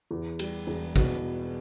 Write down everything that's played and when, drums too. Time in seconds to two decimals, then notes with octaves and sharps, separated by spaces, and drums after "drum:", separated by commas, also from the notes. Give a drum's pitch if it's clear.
0.11 E2
0.39 G3, drum: cymbal
0.67 E1
0.96 B2, drum: kick